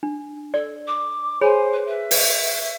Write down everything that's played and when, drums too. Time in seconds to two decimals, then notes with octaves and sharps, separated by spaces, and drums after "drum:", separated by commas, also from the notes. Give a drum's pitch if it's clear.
0.03 D4
0.54 A4 D5
0.87 D6
1.41 G#4 C5 C#5 G#5 B5
1.73 B4
1.87 B4 E5
2.11 drum: open hi-hat